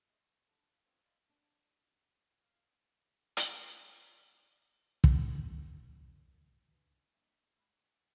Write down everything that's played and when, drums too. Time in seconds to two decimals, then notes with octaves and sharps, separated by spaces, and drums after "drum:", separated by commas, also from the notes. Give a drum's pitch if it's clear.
0.09 A3 G#4 D#5 B5 D6
0.20 C#6
0.47 D3 G3 D4 A4
0.68 C#3 F5 F#6
0.85 B3 C4 D4 F4 A4 C#5
1.05 D5 D#5 F5 B5 C6 D6
1.29 D4
2.41 F5
3.37 drum: hi-hat
3.88 C5
5.04 drum: kick
5.58 F#2
6.71 C#4 D4 F#4 B4 G#5
7.14 G3 A#3 D4 D#4 E5
7.57 G#3 F#5 G#5 B5